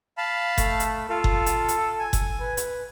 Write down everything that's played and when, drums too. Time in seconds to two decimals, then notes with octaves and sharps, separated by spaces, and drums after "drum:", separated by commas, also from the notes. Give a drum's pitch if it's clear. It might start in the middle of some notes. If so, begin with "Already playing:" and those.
0.18 F5 A5 B5
0.58 A3, drum: kick F#1, hi-hat
0.80 drum: hi-hat
1.09 F4 A4 F5
1.24 drum: kick F#1
1.46 drum: hi-hat
1.69 drum: hi-hat
2.00 G#5
2.13 drum: kick F#1, hi-hat
2.40 B4
2.57 drum: hi-hat